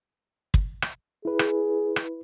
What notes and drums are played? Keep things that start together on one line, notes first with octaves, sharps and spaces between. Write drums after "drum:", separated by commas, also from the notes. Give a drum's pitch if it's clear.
drum: kick
drum: rim click
E4 G#4 B4
drum: rim click
drum: rim click